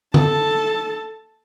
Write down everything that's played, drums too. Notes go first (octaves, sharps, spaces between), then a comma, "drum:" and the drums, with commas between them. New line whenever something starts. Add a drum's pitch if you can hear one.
A4 A5, drum: tom D3